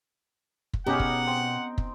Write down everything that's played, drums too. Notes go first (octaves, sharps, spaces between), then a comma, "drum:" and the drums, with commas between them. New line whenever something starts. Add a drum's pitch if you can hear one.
drum: kick
B2 C#4 D#4 G4 G#4 F#5
drum: kick
C4 G5
drum: kick